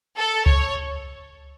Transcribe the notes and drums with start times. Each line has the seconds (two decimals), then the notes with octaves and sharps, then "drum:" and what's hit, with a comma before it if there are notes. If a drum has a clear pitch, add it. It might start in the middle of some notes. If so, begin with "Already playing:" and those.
0.17 A4
0.46 C#5, drum: kick C#2